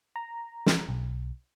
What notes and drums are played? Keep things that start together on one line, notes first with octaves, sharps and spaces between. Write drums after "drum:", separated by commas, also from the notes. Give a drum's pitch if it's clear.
A#5
drum: snare
B1